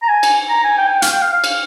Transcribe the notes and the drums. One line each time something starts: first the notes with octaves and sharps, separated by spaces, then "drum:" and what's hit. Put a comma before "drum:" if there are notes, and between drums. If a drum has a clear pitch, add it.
A#5
G#5
drum: cymbal
A#5
G#5
G5
G#5
G5
F5, drum: hi-hat
G5
F5
F5
drum: cymbal